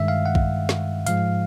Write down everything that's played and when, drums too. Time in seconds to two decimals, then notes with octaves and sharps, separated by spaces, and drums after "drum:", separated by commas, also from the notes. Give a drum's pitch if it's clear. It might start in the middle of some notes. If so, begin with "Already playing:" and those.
Already playing: G2 D#3 G#3 E5
0.08 F5
0.26 F#5
0.35 drum: kick A#1
0.69 drum: snare
1.07 G#2 F3 G#3 F5, drum: hi-hat